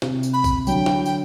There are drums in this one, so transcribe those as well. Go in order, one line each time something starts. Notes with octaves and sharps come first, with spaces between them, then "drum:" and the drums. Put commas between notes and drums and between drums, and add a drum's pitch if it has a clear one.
C3, drum: snare
drum: tambourine
B5
drum: kick A#1, tambourine
D3 F#3 G5, drum: tambourine
drum: snare
G5, drum: tambourine